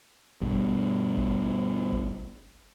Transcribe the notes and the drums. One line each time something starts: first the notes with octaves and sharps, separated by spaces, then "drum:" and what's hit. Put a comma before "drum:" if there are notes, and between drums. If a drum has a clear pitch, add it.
G2 B2, drum: kick
drum: kick
drum: kick